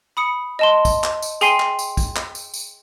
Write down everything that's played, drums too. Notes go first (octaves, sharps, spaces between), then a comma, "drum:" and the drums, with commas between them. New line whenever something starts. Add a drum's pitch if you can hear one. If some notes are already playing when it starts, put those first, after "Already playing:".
B5 D#6 C#7
D#5 A5 C6
drum: kick, tambourine
drum: clap
drum: tambourine
G#4 G5 G#5 C6 C7, drum: tambourine
drum: clap
drum: tambourine
drum: kick, tambourine
drum: clap
drum: tambourine
drum: tambourine